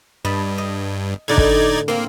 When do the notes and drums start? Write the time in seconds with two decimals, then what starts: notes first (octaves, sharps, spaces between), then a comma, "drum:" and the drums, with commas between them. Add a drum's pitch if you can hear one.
0.25 G2 D#5 A5 B5
0.58 D#5
1.28 A2 D3 D#4 D5 G#6
1.38 drum: kick
1.88 A#3 C4 F4